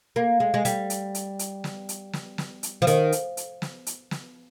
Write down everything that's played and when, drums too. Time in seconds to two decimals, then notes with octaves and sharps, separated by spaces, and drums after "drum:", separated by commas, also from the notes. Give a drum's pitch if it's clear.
0.16 A#3
0.40 G#3
0.54 G#3
0.65 G3, drum: hi-hat
0.90 drum: hi-hat
1.15 drum: hi-hat
1.39 drum: hi-hat
1.64 drum: snare
1.89 drum: hi-hat
2.13 drum: snare
2.38 drum: snare
2.63 drum: hi-hat
2.82 F3
2.87 D#3, drum: hi-hat
3.12 drum: hi-hat
3.37 drum: hi-hat
3.62 drum: snare
3.87 drum: hi-hat
4.11 drum: snare